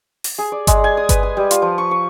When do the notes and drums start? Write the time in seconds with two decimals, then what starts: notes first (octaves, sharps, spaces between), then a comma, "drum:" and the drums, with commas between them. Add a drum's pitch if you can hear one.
0.24 drum: open hi-hat
0.38 G#4
0.52 D5
0.67 G#3, drum: kick G1, hi-hat
0.84 G#5
0.97 D#6
1.09 B4, drum: kick G1, hi-hat
1.23 G#5
1.37 G3
1.51 F4, drum: hi-hat
1.62 F3
1.78 C#6
1.91 C#6